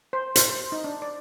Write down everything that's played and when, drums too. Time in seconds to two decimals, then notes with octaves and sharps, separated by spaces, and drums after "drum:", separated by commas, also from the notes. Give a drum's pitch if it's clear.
0.13 C5
0.36 C5, drum: hi-hat
0.50 C5
0.72 D#4
0.84 D4
1.02 D5